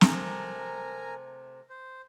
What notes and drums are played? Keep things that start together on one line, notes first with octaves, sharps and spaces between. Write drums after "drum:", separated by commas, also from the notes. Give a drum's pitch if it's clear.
C3 A3 A#4 G#5 A#5, drum: snare
C5